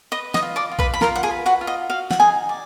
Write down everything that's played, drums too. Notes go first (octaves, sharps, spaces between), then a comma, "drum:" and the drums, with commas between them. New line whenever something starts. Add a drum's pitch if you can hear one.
B4 D#5 D#6
D#5 D#6, drum: snare
F4
D5 D6
F4
B4 B5, drum: kick A#1
B5
F4 A#4 A#5, drum: snare
F#5
G#4 G#5
B4
F#4 F#5
F4
D#5
F#4 F5
F#5, drum: snare
D#4 G#4 G#5
D5